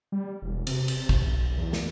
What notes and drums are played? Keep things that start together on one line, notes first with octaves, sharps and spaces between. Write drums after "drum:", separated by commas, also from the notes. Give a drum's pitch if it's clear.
G3
E1
C3, drum: cymbal
drum: cymbal
drum: kick
B1
E2
drum: snare